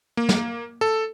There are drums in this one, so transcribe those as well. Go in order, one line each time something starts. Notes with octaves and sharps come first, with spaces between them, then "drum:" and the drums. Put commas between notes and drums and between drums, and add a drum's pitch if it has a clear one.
A#3
drum: snare
A4